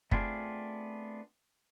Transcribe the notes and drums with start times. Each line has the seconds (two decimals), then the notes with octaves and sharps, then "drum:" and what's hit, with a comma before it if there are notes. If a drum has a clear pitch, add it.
0.11 A3 B3 C4 D4 F4 G#4, drum: kick